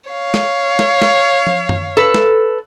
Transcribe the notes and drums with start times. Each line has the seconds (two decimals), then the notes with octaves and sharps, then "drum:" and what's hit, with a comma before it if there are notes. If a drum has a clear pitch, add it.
0.11 C#5 F5
0.34 drum: snare
0.79 drum: snare
1.02 drum: snare
1.47 drum: tom
1.69 drum: tom F#2
1.97 A4 B4
2.14 drum: snare